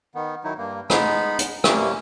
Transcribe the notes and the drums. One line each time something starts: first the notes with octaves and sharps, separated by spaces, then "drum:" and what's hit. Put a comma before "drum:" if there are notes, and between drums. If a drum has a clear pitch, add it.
D#3 B3
D#3 F#3 D#4 E4
G2 A#3
G#3 B3 D#4 B5, drum: rim click
drum: hi-hat
F#2 C3 G3 A#3 C#4, drum: rim click